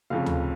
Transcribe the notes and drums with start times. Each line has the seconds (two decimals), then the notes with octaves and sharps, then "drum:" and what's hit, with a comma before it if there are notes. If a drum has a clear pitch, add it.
0.10 F1 F2 C#3 F5
0.26 drum: tom D2